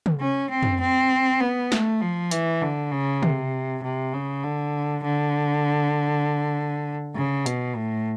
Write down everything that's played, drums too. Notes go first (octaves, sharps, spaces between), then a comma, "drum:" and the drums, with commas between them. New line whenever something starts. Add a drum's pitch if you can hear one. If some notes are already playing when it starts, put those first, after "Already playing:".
drum: tom
C#4
C4
drum: tom
C4
B3
A3, drum: snare
F3
E3, drum: hi-hat
D3
C#3
C3, drum: tom
C3
C#3
D3
D3
C#3
B2, drum: hi-hat
A2